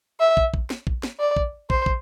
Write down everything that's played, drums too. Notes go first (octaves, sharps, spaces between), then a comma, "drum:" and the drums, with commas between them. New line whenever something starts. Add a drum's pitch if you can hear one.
E5
drum: kick
drum: kick
drum: snare
drum: kick
drum: snare
D5
drum: kick
C5, drum: kick
drum: kick